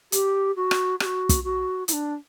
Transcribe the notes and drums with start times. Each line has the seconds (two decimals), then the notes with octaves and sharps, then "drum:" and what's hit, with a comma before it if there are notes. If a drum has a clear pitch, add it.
0.12 G4, drum: hi-hat
0.56 F#4
0.71 drum: rim click
1.00 G4, drum: rim click
1.05 F#4
1.29 drum: kick, hi-hat
1.44 F#4
1.88 E4, drum: hi-hat
1.93 D4